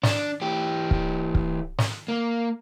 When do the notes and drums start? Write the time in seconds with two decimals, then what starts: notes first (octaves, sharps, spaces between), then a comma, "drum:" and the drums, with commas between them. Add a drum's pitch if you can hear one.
0.03 D4, drum: snare
0.41 E3 G4
0.91 drum: kick
1.35 drum: kick
1.78 drum: snare
2.08 A#3